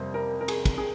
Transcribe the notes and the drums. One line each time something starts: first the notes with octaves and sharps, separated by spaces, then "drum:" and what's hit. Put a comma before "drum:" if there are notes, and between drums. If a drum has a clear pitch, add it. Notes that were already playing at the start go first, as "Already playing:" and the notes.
Already playing: F2 C3 G3 A#3 C5
A#4
A#4
G#4, drum: cymbal
drum: kick, cymbal
G#4